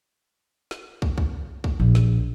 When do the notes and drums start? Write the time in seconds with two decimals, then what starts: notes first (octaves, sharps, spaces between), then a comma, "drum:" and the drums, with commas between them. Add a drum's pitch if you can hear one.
0.71 drum: snare
1.02 drum: kick
1.18 drum: kick
1.64 drum: kick
1.80 A#1
1.95 drum: snare